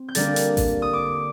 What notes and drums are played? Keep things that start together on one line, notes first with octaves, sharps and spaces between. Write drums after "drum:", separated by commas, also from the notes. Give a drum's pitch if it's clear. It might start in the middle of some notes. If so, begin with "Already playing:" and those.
Already playing: C4
G6
D3 G3 A#3 D4 A6, drum: hi-hat
drum: hi-hat
drum: kick A1, open hi-hat
D#6
D6